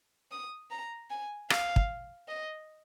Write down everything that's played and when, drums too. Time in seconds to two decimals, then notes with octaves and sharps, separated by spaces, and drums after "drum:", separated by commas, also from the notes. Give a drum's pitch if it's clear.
0.31 D#6
0.71 A#5
1.10 G#5
1.50 F5, drum: rim click
1.76 drum: kick
2.28 D#5